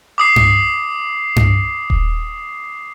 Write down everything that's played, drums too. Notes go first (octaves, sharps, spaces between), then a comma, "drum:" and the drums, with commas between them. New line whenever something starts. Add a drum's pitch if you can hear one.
D6 D#6 C7
drum: tom G2
drum: tom G2
drum: kick D#1